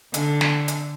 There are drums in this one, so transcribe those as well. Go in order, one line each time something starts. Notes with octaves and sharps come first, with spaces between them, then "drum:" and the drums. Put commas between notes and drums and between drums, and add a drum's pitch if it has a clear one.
D3, drum: hi-hat
drum: snare
drum: hi-hat